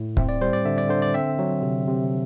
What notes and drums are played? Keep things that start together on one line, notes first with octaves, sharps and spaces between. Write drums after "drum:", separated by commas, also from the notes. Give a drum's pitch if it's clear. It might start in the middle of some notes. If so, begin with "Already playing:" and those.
Already playing: A2
C4 E5, drum: kick
D5
G3 C5
D5
D3 E5
D5
D3 C5
D5
C4 E5
F#3
C3
C3